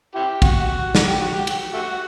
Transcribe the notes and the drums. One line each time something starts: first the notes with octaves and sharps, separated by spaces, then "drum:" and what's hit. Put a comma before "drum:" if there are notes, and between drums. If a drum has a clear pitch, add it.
E4 G4
F#4, drum: kick, cymbal
drum: snare
G4
F#4
G4
drum: cymbal
A3 F#4